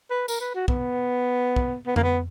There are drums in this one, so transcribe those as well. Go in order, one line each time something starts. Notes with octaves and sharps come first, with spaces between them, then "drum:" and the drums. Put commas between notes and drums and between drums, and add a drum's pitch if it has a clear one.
B4
A#4, drum: tambourine
B4
F#4
B3, drum: kick
drum: kick
B3
A#3, drum: tom F2
B3